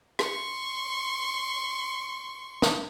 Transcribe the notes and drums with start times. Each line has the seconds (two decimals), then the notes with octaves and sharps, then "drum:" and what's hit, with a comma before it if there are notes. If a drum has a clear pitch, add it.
0.19 C6 C#6, drum: rim click
2.62 drum: snare